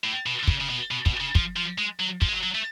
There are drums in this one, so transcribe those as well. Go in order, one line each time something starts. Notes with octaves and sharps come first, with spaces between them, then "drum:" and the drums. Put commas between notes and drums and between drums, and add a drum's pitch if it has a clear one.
A2
B2
D3
C#3, drum: kick
C#3
B2
B2
B2, drum: kick
C#3
F3, drum: kick
F3
G#3
F#3
F3, drum: kick
G#3
F#3
F#3
A3